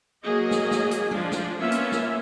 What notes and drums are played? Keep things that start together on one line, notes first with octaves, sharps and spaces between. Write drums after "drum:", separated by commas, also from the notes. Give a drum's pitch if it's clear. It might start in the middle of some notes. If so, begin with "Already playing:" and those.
F#3 A#3 G#4 D#5
drum: snare
drum: snare
drum: hi-hat
F3 G#3 D4, drum: tom G3
drum: snare
A#3 B3 C#4 F4 E5
drum: hi-hat
drum: snare